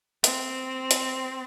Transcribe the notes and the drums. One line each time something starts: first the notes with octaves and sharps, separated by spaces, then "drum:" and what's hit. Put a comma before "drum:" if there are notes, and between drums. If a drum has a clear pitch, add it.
C4, drum: hi-hat
drum: hi-hat